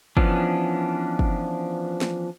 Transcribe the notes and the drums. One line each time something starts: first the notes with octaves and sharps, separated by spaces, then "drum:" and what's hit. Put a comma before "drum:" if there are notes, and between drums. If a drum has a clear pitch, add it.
E3 F3 B3 C#4 D4, drum: kick
drum: kick
drum: snare